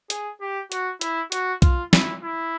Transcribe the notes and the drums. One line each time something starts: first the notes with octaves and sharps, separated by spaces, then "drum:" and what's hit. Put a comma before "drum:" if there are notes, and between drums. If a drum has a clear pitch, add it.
G#4, drum: hi-hat
G4
F#4, drum: hi-hat
E4, drum: hi-hat
F#4, drum: hi-hat
F4, drum: kick B1, hi-hat
E4, drum: snare
E4